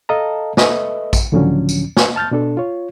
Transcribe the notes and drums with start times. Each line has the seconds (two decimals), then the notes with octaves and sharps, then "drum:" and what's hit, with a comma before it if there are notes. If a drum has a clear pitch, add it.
0.09 A4 D#5 F5 A5 A#5
0.57 A4 B4 D#5 E5, drum: snare
1.13 drum: kick A1, tambourine
1.32 C#2 A2 D3 F3 F#3 C#4
1.69 drum: tambourine
1.97 drum: snare
2.16 A5 F6 G6 A6
2.31 B2 D4 A4
2.57 F4 C#5